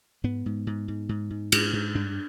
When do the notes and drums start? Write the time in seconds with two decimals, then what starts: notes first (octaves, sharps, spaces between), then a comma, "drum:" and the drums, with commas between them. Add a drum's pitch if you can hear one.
0.24 G#2 B3
0.46 G#2
0.67 G#2
0.88 G#2
1.09 G#2
1.30 G#2
1.52 G#2, drum: cymbal
1.73 G#2
1.95 G2 D4